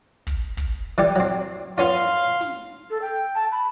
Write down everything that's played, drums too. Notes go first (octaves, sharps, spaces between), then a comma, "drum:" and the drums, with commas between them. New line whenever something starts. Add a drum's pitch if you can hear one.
drum: kick
drum: kick
E3 G3 G4
F#3 C4
B3 C#4 F4 F5 C6
drum: snare
A4
G5
A5
B5